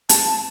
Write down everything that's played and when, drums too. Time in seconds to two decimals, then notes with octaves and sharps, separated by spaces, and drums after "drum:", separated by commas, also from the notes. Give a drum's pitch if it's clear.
0.09 A5, drum: hi-hat